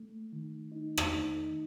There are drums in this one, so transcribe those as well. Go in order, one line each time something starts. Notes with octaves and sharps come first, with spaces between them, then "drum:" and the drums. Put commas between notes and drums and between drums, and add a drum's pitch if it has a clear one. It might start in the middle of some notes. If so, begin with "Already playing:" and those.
Already playing: A3
D#3
D#4
drum: rim click
D#4
D#3